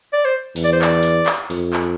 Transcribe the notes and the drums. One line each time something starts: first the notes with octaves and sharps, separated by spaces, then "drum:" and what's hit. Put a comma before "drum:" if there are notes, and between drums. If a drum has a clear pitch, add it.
D5
C5
E2, drum: open hi-hat
D5
C5
D5, drum: clap
drum: hi-hat
drum: clap
F2, drum: open hi-hat
drum: clap